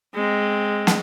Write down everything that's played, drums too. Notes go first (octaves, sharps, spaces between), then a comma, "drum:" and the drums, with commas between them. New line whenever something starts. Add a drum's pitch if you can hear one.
G#3 C4
drum: snare